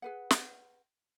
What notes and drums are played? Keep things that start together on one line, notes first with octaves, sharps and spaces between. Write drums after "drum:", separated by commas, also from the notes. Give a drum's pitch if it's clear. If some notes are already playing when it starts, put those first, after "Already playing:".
G#4 B4 F#5
drum: snare